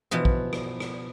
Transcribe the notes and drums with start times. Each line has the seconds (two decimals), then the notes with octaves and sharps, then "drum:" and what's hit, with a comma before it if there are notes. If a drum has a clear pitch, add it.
0.11 B2 E3 F3 B3
0.25 drum: kick A#1
0.53 drum: rim click
0.80 drum: rim click